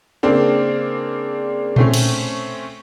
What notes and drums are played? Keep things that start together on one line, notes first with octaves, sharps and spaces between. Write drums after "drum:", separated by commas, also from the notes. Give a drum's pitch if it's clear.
C#3 A#3 C4 D4
A3 C4 C#4, drum: tom A#2
drum: cymbal